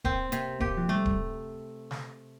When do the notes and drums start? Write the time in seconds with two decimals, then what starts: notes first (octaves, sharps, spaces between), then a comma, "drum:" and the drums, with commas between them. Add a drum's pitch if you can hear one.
0.05 A#3 C4, drum: kick D1
0.32 C3 A#3, drum: hi-hat
0.60 A#3 G4, drum: kick D1
0.77 F3
0.89 G3 A3
1.06 drum: kick D1
1.91 drum: snare